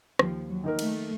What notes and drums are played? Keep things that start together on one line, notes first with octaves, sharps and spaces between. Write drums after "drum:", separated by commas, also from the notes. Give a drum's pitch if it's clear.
D#2 F3, drum: rim click
F#3
D#3 A#3 D#4 A#4
A3, drum: cymbal